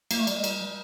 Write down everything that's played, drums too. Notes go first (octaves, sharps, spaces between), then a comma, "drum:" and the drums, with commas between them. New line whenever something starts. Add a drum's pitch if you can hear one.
A#3, drum: cymbal
A3
G3, drum: cymbal
G#3
G3, drum: cymbal